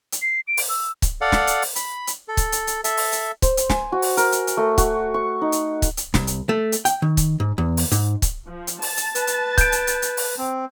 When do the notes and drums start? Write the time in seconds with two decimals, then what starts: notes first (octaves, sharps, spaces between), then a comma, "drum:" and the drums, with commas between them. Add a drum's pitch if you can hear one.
0.12 drum: hi-hat
0.22 C7
0.48 D7
0.57 drum: open hi-hat
0.69 E6
1.02 drum: kick C#1, hi-hat
1.21 A4 D5 F5 F#5
1.32 drum: snare
1.47 drum: hi-hat
1.62 drum: open hi-hat
1.76 B5, drum: hi-hat
2.07 drum: hi-hat
2.28 A4
2.37 drum: kick C#1, hi-hat
2.52 drum: hi-hat
2.67 drum: hi-hat
2.84 A4 E5, drum: hi-hat
2.97 drum: open hi-hat
3.12 drum: hi-hat
3.42 C5, drum: kick C#1, hi-hat
3.57 drum: hi-hat
3.70 G#5, drum: snare
3.92 F#4
4.02 drum: open hi-hat
4.17 A#4, drum: hi-hat
4.32 drum: hi-hat
4.47 drum: hi-hat
4.57 A3
4.78 F#4, drum: kick C#1, hi-hat
5.14 C#6
5.41 D#4
5.52 drum: hi-hat
5.82 drum: kick C#1, hi-hat
5.97 drum: hi-hat
6.14 C2, drum: snare
6.27 drum: hi-hat
6.49 A3
6.72 drum: hi-hat
6.85 G5, drum: hi-hat
7.02 D#3
7.17 drum: kick C#1, hi-hat
7.40 G#2
7.58 E2
7.77 drum: open hi-hat
7.92 G#2, drum: hi-hat
8.22 drum: kick C#1, hi-hat
8.46 F3
8.67 drum: hi-hat
8.82 A5 A6, drum: open hi-hat
8.97 drum: hi-hat
9.15 B4, drum: hi-hat
9.27 drum: hi-hat
9.58 G6 D7, drum: kick C#1, hi-hat
9.72 drum: hi-hat
9.87 drum: hi-hat
10.02 drum: hi-hat
10.17 drum: open hi-hat
10.38 C4